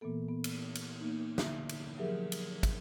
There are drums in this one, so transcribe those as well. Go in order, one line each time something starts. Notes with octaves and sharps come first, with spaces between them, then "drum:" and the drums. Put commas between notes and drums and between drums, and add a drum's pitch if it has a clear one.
A#2 E3 A#3 B3 A4
B3
drum: cymbal
drum: cymbal
A#3 B3 D#4
D3 E5, drum: snare
drum: cymbal
F3 F#3 G4 G#4 A#4 E5
drum: cymbal
drum: kick, cymbal